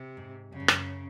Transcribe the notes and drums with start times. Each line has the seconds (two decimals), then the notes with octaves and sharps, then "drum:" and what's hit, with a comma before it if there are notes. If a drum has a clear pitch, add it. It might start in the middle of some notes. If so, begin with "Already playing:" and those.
Already playing: C3
0.17 G#2
0.52 F#2 C#3
0.60 G2
0.68 F#2, drum: rim click